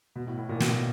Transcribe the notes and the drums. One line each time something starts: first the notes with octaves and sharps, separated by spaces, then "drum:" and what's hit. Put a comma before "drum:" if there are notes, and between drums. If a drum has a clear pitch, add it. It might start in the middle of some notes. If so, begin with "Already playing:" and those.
B2
A2
A2
A#2
B2, drum: snare